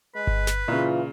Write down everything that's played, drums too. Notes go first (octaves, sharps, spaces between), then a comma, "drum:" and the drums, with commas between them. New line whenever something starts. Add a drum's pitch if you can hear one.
G#3 B4
drum: kick G1
drum: snare
A#2 C#3 E3 F4